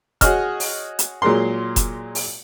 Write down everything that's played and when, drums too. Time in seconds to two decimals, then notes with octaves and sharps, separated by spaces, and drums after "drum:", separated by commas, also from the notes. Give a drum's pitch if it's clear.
0.21 F#4 G#4 C#5 D#5 F6, drum: kick F1, hi-hat
0.60 drum: open hi-hat
0.99 drum: hi-hat
1.22 A#2 F#3 G#3 A#4 C6
1.76 drum: kick F1, hi-hat
2.15 drum: open hi-hat